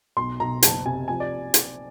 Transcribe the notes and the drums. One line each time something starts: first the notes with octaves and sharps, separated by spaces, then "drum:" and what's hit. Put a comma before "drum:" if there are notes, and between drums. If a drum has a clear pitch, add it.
B1 C6
B1 A#5
F#1 A5, drum: hi-hat
C3 G#5
F3 G#5
D5
drum: hi-hat